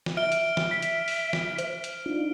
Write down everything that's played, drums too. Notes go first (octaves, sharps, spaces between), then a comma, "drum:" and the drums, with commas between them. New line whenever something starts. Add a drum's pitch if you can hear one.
drum: snare
E5 F6 D7 G7
drum: hi-hat
drum: snare
E5 B6
drum: hi-hat
drum: open hi-hat
drum: snare
C5, drum: hi-hat
drum: hi-hat
D4 D#4 F4